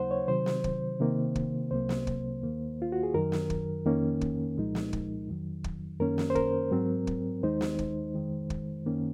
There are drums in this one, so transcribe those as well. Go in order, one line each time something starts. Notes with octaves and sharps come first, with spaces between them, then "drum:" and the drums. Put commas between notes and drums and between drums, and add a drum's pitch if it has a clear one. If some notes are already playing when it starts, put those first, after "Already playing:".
Already playing: D#2 C#3 F#3 A#3 D#4 C5 F#5
C#5
C3 D#3 F#3 C5
drum: snare
drum: kick
C3 D#3 A#3
drum: kick
C2 C3 F#3 A#3 C5
drum: snare
drum: kick
D#2 D#3 A#3
F4
F#4
G#4
F#2 D#3 F#3 A#4
drum: snare
drum: kick
F2 D#3 A#3 C#4
drum: kick
C2 A#2 F3 G#3 D#4
drum: snare
drum: kick
F2 D#3 F#3
drum: kick
F#2 D#3 A#3 C#4 A#4
drum: snare
C5
A#4, drum: kick
G#2 F#3 C4
drum: kick
D#2 D#3 G#3 D#4 C5
drum: snare
drum: kick
F2 D#3 G#3
drum: kick
F#2 D#3 A#3 C#4